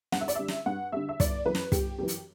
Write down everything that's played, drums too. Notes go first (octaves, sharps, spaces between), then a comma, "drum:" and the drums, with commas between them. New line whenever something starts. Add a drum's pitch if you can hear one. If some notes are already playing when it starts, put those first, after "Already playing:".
G2 F#5, drum: snare
E5
D5, drum: hi-hat
D3 G3 E5
drum: snare
G2 F#5
D3 G3 E5
E5
G1 D5, drum: kick, hi-hat
F#2 E3 B4
drum: snare
G1 G4, drum: kick, hi-hat
F#2 E3 G4
drum: hi-hat